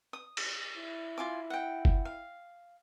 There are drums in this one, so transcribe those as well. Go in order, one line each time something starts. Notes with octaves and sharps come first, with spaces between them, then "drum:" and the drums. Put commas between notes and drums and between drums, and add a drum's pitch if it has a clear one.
D#6
drum: cymbal
E4
F4 G#5 D6
F#5 G5
drum: kick
F5